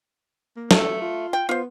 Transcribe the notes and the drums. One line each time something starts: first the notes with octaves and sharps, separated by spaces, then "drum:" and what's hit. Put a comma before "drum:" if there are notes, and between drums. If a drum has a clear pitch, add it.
A#3
A3 A4 A5, drum: snare
F4
G5
B3 F4 C5